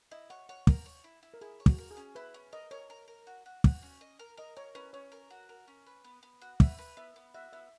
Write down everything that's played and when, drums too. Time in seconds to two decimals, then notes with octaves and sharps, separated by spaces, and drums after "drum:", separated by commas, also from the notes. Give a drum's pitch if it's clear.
0.11 E4 D#5
0.30 C#5 F#5
0.49 C#5 F#5
0.67 A#4, drum: kick
0.86 C#5
1.04 E4
1.23 E4
1.34 A#4
1.41 E4 G#4
1.60 C#5
1.66 F#4, drum: kick
1.78 A#4
1.91 G#4
1.97 C#4
2.15 E4 B4
2.34 C#4
2.53 A#4 D#5
2.71 A#4 C#5
2.90 A#4
3.08 A#4
3.27 F#4
3.46 F#4
3.64 F#4, drum: kick
3.82 C#4
4.01 D#5
4.19 A#4
4.37 A#4 D#5
4.56 A#4 C#5
4.75 C#4 B4
4.93 C#4 C#5
5.12 A#4
5.30 F#4
5.49 A#4
5.68 C#4
5.86 B4
6.04 B3
6.23 B3
6.41 F#4
6.60 B4 E5, drum: kick
6.78 B4
6.97 B3 E5
7.16 B3
7.34 F#4 E5
7.53 B3 E5